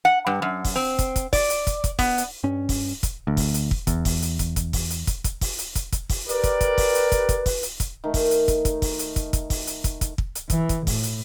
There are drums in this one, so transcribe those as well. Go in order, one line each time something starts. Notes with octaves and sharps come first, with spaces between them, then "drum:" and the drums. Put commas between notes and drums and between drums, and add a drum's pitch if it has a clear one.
F#5
G2
F#2
drum: kick, open hi-hat
C4
drum: kick, hi-hat
drum: kick, hi-hat
D5, drum: kick, open hi-hat
drum: hi-hat
drum: kick, hi-hat
drum: kick, hi-hat
B3, drum: kick, open hi-hat
drum: hi-hat
G2 C#4
drum: kick, open hi-hat
drum: kick, hi-hat
D2
drum: kick, open hi-hat
drum: hi-hat
drum: kick
E2, drum: kick, hi-hat
drum: kick, open hi-hat
drum: hi-hat
drum: kick, hi-hat
drum: kick, hi-hat
drum: kick, open hi-hat
drum: hi-hat
drum: kick, hi-hat
drum: kick, hi-hat
drum: kick, open hi-hat
drum: hi-hat
drum: kick, hi-hat
drum: kick, hi-hat
drum: kick, open hi-hat
G4 A#4 B4 D5, drum: hi-hat
drum: kick, hi-hat
drum: kick, hi-hat
drum: kick, open hi-hat
drum: hi-hat
drum: kick, hi-hat
drum: kick, hi-hat
drum: kick, open hi-hat
drum: hi-hat
drum: kick, hi-hat
D#3 A3
drum: kick, open hi-hat
drum: hi-hat
drum: kick, hi-hat
drum: kick, hi-hat
drum: kick, open hi-hat
drum: hi-hat
drum: kick, hi-hat
drum: kick, hi-hat
drum: kick, open hi-hat
drum: hi-hat
drum: kick, hi-hat
drum: kick, hi-hat
drum: kick
drum: hi-hat
E3, drum: kick, hi-hat
drum: kick, hi-hat
A2, drum: kick, open hi-hat
drum: hi-hat